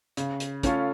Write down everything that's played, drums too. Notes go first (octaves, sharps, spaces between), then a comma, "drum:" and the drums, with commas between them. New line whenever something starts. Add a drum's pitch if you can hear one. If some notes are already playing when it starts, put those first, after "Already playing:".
C#3, drum: hi-hat
drum: hi-hat
A3 C#4 F4 A4, drum: kick, hi-hat